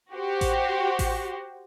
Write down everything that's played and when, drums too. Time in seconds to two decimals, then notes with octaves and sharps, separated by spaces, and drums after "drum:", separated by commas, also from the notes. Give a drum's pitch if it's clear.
0.12 F#4 G4 C5
0.41 drum: kick A1, hi-hat
0.99 drum: kick A1, open hi-hat